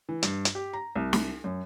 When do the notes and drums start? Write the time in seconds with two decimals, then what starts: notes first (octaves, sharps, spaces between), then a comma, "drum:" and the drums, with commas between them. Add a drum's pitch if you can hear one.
0.09 E3
0.23 G2, drum: hi-hat
0.45 drum: hi-hat
0.55 G4
0.73 A#5
0.95 C2
1.13 drum: snare
1.44 F#2